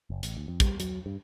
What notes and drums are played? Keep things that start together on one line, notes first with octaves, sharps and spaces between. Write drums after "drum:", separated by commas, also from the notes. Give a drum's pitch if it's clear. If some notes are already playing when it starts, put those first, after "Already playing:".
F#1
A1, drum: hi-hat
D2
F2
G3, drum: kick, hi-hat
F#3, drum: hi-hat
G2